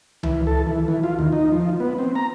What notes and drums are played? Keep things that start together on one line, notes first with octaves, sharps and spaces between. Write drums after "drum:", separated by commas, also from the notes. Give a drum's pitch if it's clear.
E3, drum: tom C#2
A4
E3
E3
F4
D#2
D#4
F3
B3
C4
A#5